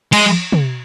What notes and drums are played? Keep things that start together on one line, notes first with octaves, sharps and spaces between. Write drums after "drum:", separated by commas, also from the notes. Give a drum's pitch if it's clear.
G#3, drum: cymbal
drum: tom